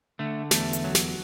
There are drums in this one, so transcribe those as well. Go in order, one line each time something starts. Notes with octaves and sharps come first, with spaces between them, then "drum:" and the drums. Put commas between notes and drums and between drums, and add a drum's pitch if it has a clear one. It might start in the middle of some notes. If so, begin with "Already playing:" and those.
D3 A3
E2 A3, drum: snare
drum: hi-hat
F#3
drum: snare